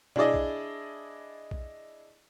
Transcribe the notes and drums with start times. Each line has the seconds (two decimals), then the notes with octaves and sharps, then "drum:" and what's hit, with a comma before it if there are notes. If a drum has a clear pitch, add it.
0.16 D4 E4 G#4 D5 D#5, drum: tom B2
0.34 drum: kick B1
1.51 drum: kick B1